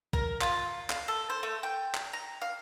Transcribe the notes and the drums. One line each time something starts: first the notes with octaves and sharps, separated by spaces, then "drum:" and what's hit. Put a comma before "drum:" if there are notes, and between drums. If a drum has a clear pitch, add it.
A#4, drum: kick
F4, drum: clap
F5, drum: clap
A4
C5
A3
G5
drum: clap
A#5
F5